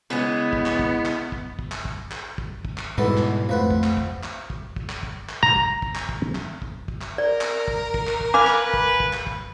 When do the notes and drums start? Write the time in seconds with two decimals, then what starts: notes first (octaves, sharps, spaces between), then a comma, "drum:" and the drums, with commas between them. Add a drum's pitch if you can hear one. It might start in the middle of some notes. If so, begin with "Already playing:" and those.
0.10 C#3 E3 G#3 B3
0.53 drum: kick
0.66 drum: clap
0.79 drum: kick
1.06 drum: clap
1.32 drum: kick
1.59 drum: kick
1.72 drum: clap
1.85 drum: kick
2.12 drum: clap
2.38 drum: kick
2.65 drum: kick
2.78 drum: clap
2.98 E2 G#2 B2 G3 G#3 B3 A4
3.18 drum: clap
3.49 F2 F3 A3 B4 F#5
3.71 drum: kick
3.84 drum: clap
3.97 drum: kick
4.23 drum: clap
4.50 drum: kick
4.76 drum: kick
4.90 drum: clap
5.03 drum: kick
5.29 drum: clap
5.43 A#5
5.56 drum: kick
5.82 drum: kick
5.96 drum: clap
6.09 drum: kick
6.35 drum: clap
6.62 drum: kick
6.88 drum: kick
7.02 drum: clap
7.18 A#4 D5
7.41 drum: clap
7.68 drum: kick
7.94 drum: kick
8.07 drum: clap
8.21 drum: kick
8.34 B4 F5 G#5 D6
8.47 drum: clap
8.74 drum: kick
9.00 drum: kick
9.13 drum: clap
9.27 drum: kick